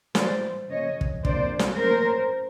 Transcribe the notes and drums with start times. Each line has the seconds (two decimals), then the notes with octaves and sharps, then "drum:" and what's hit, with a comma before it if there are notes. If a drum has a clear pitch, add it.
0.15 A2 E3 G3 A#3 C5 D5, drum: snare
0.69 C#3 F3 A#3 C#4 C#5 D#5
1.01 drum: kick
1.25 C3 F3 A#3 D4 C5 D5, drum: kick
1.59 drum: snare
1.78 A2 F#3 A#3 C#4 A#4 C5